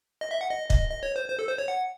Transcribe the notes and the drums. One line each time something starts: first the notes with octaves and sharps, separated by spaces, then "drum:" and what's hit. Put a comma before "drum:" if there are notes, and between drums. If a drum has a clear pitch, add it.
D#5
E5
F#5
D#5
D#5, drum: kick
D#5
C#5
C5
C5
A4
C5
C#5
F#5